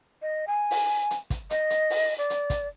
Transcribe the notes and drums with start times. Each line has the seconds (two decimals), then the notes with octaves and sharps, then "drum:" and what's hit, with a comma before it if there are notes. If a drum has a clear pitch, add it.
0.22 D#5
0.47 G#5
0.71 drum: open hi-hat
1.11 drum: hi-hat
1.30 drum: kick, hi-hat
1.50 D#5, drum: hi-hat
1.70 drum: hi-hat
1.90 drum: open hi-hat
2.18 D5
2.30 drum: hi-hat
2.50 drum: kick, hi-hat